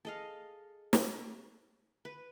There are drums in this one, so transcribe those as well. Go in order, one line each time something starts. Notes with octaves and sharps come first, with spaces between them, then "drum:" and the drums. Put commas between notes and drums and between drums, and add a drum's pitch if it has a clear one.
G#4 A4 D#5 F5
drum: snare
B4